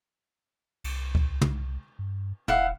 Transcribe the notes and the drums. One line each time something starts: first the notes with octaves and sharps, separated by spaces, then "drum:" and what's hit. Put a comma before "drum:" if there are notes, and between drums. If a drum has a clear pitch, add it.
C2, drum: cymbal
drum: kick D2
drum: tom
G2
E1 E4 F5 F#5, drum: tom